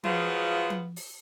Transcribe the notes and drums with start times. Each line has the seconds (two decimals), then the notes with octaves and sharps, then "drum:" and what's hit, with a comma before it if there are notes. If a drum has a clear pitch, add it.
0.04 F3 F#3 G#3 B3 F4, drum: tom F3
0.70 drum: tom F3
0.96 drum: open hi-hat